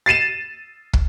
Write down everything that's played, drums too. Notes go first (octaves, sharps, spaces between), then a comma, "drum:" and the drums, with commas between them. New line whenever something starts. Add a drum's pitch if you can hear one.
A6 C7 D#7 E7
drum: kick